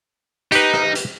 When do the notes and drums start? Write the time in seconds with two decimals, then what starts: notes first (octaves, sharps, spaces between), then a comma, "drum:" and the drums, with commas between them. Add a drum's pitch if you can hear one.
0.52 D#4 G4 B4, drum: hi-hat
0.74 drum: rim click
0.95 drum: hi-hat